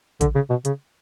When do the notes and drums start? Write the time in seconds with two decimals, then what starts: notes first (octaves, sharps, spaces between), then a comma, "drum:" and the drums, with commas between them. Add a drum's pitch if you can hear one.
0.21 D3, drum: kick A1, hi-hat
0.35 C#3
0.50 B2
0.65 C#3, drum: hi-hat